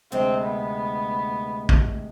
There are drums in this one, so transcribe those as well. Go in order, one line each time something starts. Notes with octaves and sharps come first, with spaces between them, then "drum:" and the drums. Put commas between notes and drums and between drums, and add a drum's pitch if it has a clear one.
D2 C3 G#3 C4
B3
drum: kick A#1